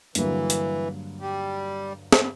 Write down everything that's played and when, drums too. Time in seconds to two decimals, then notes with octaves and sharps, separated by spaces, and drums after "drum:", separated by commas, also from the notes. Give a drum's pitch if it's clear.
0.15 G2 D3 E3 F#3 A#3, drum: hi-hat
0.50 drum: hi-hat
1.20 G3
2.12 drum: snare